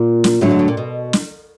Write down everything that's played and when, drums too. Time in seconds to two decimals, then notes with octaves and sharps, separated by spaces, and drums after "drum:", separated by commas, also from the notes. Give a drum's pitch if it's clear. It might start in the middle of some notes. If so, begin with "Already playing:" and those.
Already playing: A#2
0.24 drum: snare
0.41 A2 D3 F#3 A3
0.51 G#2
0.59 A2
0.68 A#2
0.77 B2
1.13 drum: snare